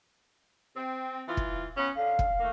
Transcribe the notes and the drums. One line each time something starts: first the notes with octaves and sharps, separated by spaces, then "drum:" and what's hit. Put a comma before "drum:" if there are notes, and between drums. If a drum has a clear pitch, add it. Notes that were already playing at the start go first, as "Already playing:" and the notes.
C4
E3 F4
drum: kick
B3 C#4
D3 F5
drum: kick
D#3 A3 A#3